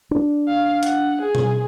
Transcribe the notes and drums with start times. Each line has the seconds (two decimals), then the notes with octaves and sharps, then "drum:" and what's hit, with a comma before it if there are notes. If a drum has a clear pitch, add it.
0.11 D4
0.48 F5
0.83 F#5, drum: hi-hat
1.22 G#4
1.35 drum: tom